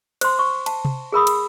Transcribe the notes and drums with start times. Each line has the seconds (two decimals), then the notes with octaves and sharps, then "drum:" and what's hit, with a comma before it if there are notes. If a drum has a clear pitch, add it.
0.21 C5 C6, drum: cymbal
0.39 C#6
0.66 A5, drum: cymbal
0.85 drum: tom C3
1.12 G#4 A#4 B5 D#6
1.27 drum: cymbal